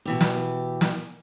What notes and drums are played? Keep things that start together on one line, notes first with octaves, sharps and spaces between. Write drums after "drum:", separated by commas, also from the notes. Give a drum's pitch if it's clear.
B2 E3 G4
drum: snare
drum: snare